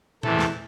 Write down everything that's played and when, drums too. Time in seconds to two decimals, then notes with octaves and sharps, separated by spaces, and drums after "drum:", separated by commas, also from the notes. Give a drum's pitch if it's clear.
0.23 E2 C3 E3 A3 A4, drum: tom A2
0.39 drum: snare